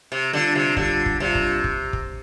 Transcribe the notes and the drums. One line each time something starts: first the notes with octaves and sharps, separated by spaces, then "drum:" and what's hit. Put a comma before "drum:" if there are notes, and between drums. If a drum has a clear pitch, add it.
C3
D3 G3 D4 F4
C3
D3 G3 D4 F4, drum: kick
drum: kick
C3 G3 D4 F4
drum: kick
drum: kick
drum: kick